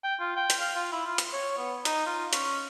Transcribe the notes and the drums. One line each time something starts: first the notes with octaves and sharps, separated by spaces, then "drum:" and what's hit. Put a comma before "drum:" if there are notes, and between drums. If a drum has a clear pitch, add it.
G5
F4
G5
drum: hi-hat
F5
F4
E4
F4
drum: hi-hat
C#5
B3
D#4, drum: hi-hat
F4
C#4, drum: hi-hat